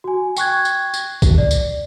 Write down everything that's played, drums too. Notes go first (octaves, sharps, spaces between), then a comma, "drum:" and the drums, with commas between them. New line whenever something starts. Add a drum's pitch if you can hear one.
F#4 G#5
G5 C#6 F#6 G#6, drum: tambourine
drum: tambourine
drum: tambourine
drum: kick, tambourine
D5
drum: tambourine